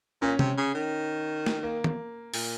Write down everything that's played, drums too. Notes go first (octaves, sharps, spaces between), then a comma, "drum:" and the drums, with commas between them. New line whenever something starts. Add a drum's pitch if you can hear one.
A#2 C#4
C3, drum: tom C3
C#3
D#3
drum: snare
A#3
drum: tom
A#2, drum: open hi-hat